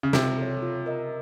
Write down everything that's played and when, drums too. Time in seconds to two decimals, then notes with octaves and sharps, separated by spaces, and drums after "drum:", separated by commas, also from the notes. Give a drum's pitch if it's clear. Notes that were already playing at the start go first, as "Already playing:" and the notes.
0.03 C#3
0.13 C3 F4, drum: snare
0.38 A4 C#5
0.62 F4
0.86 A#4 D#5